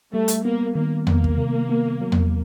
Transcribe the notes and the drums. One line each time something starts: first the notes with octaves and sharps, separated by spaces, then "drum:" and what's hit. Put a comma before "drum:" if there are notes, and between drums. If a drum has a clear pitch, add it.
G3 A3
drum: hi-hat
A#3 B3
D#3 A#3
A#3 B3, drum: tom E2
drum: kick
C3
B3
F#3
drum: tom E2